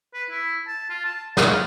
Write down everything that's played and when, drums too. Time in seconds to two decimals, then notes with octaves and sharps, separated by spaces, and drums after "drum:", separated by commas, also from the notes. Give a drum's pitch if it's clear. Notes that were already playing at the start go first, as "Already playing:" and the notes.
0.14 B4
0.30 E4
0.68 A5
0.90 F4
1.05 A5
1.37 F5, drum: snare